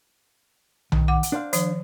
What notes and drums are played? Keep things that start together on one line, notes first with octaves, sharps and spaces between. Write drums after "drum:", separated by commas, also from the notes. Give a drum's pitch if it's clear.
D#3, drum: tom B1
F#5 D6
drum: hi-hat
D4 C5 F5
D#3 F3, drum: hi-hat